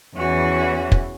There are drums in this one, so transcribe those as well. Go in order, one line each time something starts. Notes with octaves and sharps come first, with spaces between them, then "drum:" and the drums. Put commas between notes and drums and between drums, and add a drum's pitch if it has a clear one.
E2 E3 C#4 F#4
drum: kick